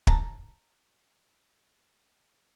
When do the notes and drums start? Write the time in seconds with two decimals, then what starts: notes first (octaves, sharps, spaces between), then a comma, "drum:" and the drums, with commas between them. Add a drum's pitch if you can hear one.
0.07 A5 A#5, drum: kick